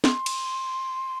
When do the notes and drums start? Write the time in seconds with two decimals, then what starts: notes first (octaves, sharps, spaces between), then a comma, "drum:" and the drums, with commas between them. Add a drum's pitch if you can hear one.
0.04 C6, drum: snare
0.26 drum: cymbal